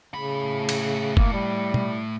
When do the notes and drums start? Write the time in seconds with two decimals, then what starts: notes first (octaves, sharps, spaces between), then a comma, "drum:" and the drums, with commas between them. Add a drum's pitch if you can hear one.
0.14 A2 C#3 B5
0.69 drum: cymbal
1.17 A#3, drum: kick F1
1.33 G3
1.74 drum: tom